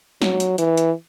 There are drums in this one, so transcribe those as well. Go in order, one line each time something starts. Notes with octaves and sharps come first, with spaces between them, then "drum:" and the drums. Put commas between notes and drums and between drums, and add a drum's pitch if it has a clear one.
F#3, drum: snare
drum: hi-hat
E3, drum: hi-hat
drum: hi-hat